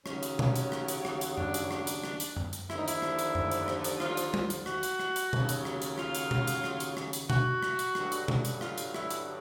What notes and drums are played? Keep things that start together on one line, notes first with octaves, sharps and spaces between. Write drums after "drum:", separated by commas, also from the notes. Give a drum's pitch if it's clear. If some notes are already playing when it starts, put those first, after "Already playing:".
D#2 C#3 F#3 C#4, drum: rim click
drum: hi-hat
drum: tom B2
drum: hi-hat
drum: rim click
drum: hi-hat
drum: rim click
drum: hi-hat
D4, drum: tom F#2
drum: hi-hat
drum: rim click
drum: hi-hat
drum: rim click
drum: hi-hat
drum: tom F#2
drum: hi-hat
D#2 D3 F3 E4, drum: rim click
D#4
E4, drum: hi-hat
drum: rim click
drum: hi-hat
drum: tom F#2
drum: hi-hat
drum: rim click
drum: hi-hat
F4, drum: rim click
drum: hi-hat
drum: tom G3
drum: hi-hat
F#4, drum: rim click
drum: hi-hat
drum: rim click
drum: hi-hat
D#2 C#3 F#3, drum: tom B2
drum: hi-hat
drum: rim click
drum: hi-hat
F4, drum: rim click
drum: hi-hat
drum: tom B2
drum: hi-hat
drum: rim click
drum: hi-hat
drum: rim click
drum: hi-hat
F#4, drum: tom B2
drum: rim click
drum: hi-hat
G2 D3 F#3, drum: rim click
drum: hi-hat
drum: tom B2
drum: hi-hat
F4, drum: rim click
drum: hi-hat
E4, drum: rim click
drum: hi-hat